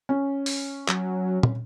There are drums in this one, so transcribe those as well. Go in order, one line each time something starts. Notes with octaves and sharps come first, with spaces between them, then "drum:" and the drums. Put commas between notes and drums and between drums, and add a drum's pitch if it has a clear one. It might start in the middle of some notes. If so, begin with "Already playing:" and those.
C#4
drum: open hi-hat
F#3, drum: clap
drum: tom